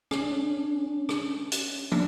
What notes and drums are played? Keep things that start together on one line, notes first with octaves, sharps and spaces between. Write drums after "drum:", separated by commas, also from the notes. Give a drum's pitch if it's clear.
C#4, drum: rim click
D4
C#4
D4
C#4
D4
C#4
D4
C#4
D4, drum: rim click
C#4
drum: hi-hat
D4, drum: tom